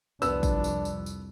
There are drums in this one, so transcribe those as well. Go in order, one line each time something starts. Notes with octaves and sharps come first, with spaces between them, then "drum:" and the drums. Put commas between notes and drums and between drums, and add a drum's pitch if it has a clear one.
C2 F2 B3 D4 E6, drum: tambourine
drum: kick, tambourine
drum: tambourine
drum: tambourine
drum: tambourine